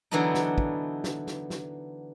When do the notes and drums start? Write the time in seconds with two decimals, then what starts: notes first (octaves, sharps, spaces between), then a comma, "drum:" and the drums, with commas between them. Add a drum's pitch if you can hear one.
0.11 D3 E3 F#3 B3 D4 D#4
0.35 drum: snare
0.58 drum: kick
1.04 drum: snare
1.27 drum: snare
1.50 drum: snare